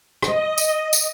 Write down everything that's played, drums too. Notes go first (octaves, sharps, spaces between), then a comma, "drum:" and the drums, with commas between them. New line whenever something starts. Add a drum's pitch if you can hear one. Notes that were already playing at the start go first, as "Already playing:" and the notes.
D#5, drum: rim click
drum: tambourine
drum: tambourine